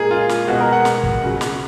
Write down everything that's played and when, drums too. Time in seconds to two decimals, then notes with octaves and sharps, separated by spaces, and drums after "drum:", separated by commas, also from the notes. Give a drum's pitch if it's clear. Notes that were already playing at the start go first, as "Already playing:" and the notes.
Already playing: A#2 G#3 G#4 A#4
0.11 F4
0.29 drum: snare
0.48 B2 G#3 F#4
0.61 A#4
0.73 F#5
0.85 drum: snare
1.04 drum: kick
1.22 C#3 F#3
1.41 drum: snare